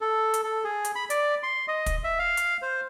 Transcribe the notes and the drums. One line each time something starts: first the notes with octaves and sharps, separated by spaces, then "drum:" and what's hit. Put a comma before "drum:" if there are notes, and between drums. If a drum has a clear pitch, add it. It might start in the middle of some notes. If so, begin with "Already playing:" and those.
A4
drum: hi-hat
A4
G#4
drum: hi-hat
B5
D5, drum: hi-hat
C6
D#5
drum: kick, hi-hat
E5
F5
drum: hi-hat
C5